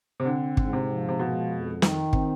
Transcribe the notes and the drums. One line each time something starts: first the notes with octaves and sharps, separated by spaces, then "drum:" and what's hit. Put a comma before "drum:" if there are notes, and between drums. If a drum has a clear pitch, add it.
C3
D3 C4
G#2, drum: kick
C3
F3
C3
B2 G#3
F2
D#3, drum: snare
C4, drum: kick